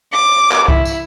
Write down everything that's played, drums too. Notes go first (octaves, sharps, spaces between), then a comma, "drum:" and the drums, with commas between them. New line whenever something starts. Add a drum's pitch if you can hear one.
D6
drum: clap
E4, drum: kick C2
drum: tambourine